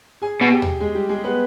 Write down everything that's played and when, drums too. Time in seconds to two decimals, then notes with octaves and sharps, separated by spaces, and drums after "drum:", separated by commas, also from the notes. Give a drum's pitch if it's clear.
0.22 G#4 G#5
0.41 B2
0.51 G4 G5
0.62 drum: tom D#2
0.80 G#3 G#4
0.95 G3 G4
1.09 G#3 G#4
1.24 B3 B4